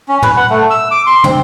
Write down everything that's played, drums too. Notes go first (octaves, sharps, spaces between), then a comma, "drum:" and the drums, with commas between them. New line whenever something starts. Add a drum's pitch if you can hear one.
C#4
B4, drum: tom
F#5
A3
E6
D6
C6
C4, drum: tom